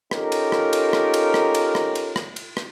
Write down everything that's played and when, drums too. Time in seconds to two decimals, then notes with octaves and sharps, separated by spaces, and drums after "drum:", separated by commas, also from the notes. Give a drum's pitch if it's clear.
0.11 C#4 D#4 F4 G4 A4 A#4, drum: rim click
0.32 drum: cymbal
0.52 drum: rim click
0.73 drum: cymbal
0.93 drum: rim click
1.14 drum: cymbal
1.34 drum: rim click
1.55 drum: cymbal
1.75 drum: rim click
1.95 drum: cymbal
2.16 drum: rim click
2.36 drum: cymbal
2.57 drum: rim click